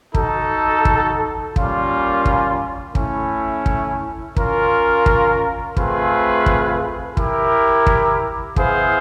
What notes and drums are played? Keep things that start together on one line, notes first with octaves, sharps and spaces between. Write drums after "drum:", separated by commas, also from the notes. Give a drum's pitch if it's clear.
D#4 F#4 A4, drum: kick
drum: kick
G3 A#3 C#4 F4, drum: kick
drum: kick
A3 C#4 E4, drum: kick
drum: kick
C#4 F4 A#4, drum: kick
drum: kick
A3 C4 F4 G#4 B4, drum: kick
drum: kick
E4 G4 A#4, drum: kick
drum: kick
B3 E4 G#4 C5 F5, drum: kick